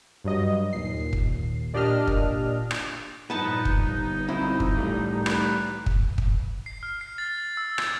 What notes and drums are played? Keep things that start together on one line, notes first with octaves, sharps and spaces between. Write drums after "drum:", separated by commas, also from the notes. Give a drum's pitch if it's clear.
G2 F#3 D#5
D#2 A#2 C7
drum: kick
A#2 D4 G4 D#5 F6
drum: kick
drum: rim click
G2 A#2 F3 B3 D#4 B4 A5 C#6
drum: kick
G1
F#3 C4 E4 F4
drum: kick
C2 A2 E3 G3 A3
B4, drum: rim click
drum: kick
drum: kick
C7
F6
C7
A6
E6
G#6, drum: rim click